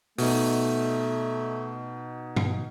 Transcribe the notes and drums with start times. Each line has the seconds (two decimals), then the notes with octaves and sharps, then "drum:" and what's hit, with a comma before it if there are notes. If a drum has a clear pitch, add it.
0.18 B2 A3 D#4, drum: open hi-hat
2.36 drum: tom G2